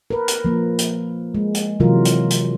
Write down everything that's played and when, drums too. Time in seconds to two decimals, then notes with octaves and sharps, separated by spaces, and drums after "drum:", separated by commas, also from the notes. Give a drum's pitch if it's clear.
0.10 A#4 B4
0.28 drum: hi-hat
0.45 F3 A#3
0.79 drum: hi-hat
1.35 G#3
1.55 drum: hi-hat
1.80 C3 E3 F#3 F4 A#4
2.05 drum: hi-hat
2.31 drum: hi-hat